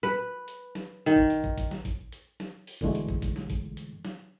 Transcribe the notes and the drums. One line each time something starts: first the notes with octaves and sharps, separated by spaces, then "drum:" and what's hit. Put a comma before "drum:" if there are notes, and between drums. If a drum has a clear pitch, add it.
B4
drum: hi-hat
drum: snare
D#3
drum: kick
drum: hi-hat
drum: kick
drum: kick, hi-hat
drum: snare
drum: kick, hi-hat
drum: hi-hat
drum: snare
drum: open hi-hat
B2 D3 E3 G#3 A3, drum: kick
drum: hi-hat
drum: kick
drum: kick, hi-hat
drum: snare
drum: kick, hi-hat
drum: hi-hat
drum: snare